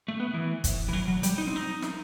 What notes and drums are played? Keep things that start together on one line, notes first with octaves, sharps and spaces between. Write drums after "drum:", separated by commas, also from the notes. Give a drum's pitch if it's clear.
A3
B3
E3
drum: kick, hi-hat
E3
F#3
F#3
G3, drum: hi-hat
D#4
C4
D#4
drum: snare